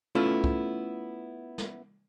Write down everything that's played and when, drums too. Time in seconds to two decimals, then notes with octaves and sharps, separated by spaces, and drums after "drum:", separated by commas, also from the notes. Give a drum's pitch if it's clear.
0.15 A3 B3 C#4 E4 F4 A4
0.44 drum: kick
1.58 drum: snare